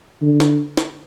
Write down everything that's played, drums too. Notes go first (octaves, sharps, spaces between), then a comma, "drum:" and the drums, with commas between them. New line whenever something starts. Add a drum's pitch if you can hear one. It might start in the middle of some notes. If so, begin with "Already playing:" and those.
D3
drum: snare
drum: snare